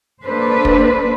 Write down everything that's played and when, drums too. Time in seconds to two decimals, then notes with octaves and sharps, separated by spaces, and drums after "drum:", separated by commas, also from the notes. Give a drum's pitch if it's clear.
0.24 A#3 D4 A4 B4 C5
0.65 drum: kick